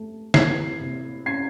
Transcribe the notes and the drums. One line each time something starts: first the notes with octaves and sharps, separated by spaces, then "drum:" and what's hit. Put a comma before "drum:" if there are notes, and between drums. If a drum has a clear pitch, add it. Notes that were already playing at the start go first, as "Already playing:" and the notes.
Already playing: A3
E3 G#6 C7, drum: snare
C3
C#4 G#6 C7